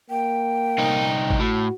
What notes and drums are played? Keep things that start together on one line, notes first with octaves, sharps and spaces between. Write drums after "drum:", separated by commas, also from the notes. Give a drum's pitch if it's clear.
A#3 G5
C2 D#4
drum: kick G#1
A2 F#4